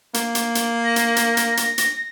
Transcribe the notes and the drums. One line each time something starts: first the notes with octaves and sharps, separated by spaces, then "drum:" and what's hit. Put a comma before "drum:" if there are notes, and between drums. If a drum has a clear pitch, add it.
A#3, drum: hi-hat
drum: hi-hat
drum: hi-hat
A#6
drum: hi-hat
drum: hi-hat
drum: hi-hat
drum: hi-hat
drum: hi-hat